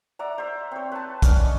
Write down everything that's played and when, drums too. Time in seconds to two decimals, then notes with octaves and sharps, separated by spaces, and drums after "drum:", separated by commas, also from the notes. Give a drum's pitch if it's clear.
0.19 D5 E5 F#5 A#5
0.38 C5 E5
0.72 C4 C#5
0.92 B4 A5
1.22 C#4 D4, drum: kick, hi-hat
1.43 D#5 C#6